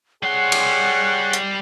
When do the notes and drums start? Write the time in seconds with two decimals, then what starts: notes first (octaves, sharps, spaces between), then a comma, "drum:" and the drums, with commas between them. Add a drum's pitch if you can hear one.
0.23 G3 G#4 C#5 F#5 C6 C7
0.52 drum: cymbal
1.33 drum: hi-hat